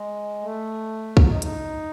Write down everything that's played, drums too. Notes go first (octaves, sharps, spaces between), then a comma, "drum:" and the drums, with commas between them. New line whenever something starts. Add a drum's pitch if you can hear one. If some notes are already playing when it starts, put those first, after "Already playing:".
Already playing: G#3
A3
F#3, drum: kick
D#4
D#4, drum: hi-hat